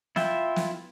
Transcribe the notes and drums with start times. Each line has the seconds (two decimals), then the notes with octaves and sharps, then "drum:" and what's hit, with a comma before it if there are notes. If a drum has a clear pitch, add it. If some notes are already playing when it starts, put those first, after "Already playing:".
0.16 E4 F4 E5 G5, drum: snare
0.56 drum: snare